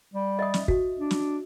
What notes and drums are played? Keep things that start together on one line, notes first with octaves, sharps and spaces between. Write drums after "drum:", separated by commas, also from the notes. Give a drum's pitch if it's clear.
G3
D#5 E5 D#6
drum: snare
F#4, drum: kick
D4
drum: snare